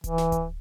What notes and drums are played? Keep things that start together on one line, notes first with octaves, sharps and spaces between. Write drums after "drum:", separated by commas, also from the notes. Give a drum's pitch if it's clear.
E3, drum: kick D1, hi-hat
drum: snare
drum: kick D1, hi-hat